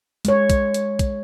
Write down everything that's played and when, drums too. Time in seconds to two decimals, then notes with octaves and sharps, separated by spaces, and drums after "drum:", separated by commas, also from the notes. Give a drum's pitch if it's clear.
0.25 G#3 C#5, drum: hi-hat
0.50 drum: kick, hi-hat
0.74 drum: hi-hat
0.99 drum: kick, hi-hat